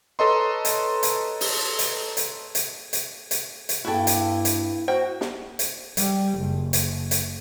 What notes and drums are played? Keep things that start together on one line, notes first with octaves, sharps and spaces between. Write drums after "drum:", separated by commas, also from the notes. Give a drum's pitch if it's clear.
A4 B4 C#5 D#5 A#5 C6
drum: hi-hat
drum: hi-hat
drum: open hi-hat
drum: hi-hat
drum: hi-hat
drum: hi-hat
drum: hi-hat
drum: hi-hat
drum: hi-hat
G2 A#3 E4 F#4 G#4 A4 G5
drum: hi-hat
drum: hi-hat
F#4 C5 F#5 G5
drum: snare
drum: hi-hat
G3, drum: hi-hat
F#1
drum: hi-hat
drum: hi-hat